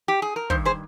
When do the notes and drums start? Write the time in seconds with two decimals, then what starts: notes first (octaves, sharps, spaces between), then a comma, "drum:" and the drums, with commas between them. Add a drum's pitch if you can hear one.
0.08 G4
0.22 G#4
0.36 A#4
0.50 G2 D#3 C5, drum: kick
0.65 G#4 C5